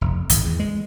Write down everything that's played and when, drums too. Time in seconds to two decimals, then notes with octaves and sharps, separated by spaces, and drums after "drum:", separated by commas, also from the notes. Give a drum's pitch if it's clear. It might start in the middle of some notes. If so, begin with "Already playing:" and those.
0.01 F1
0.30 G#1, drum: hi-hat
0.43 E2
0.60 G#3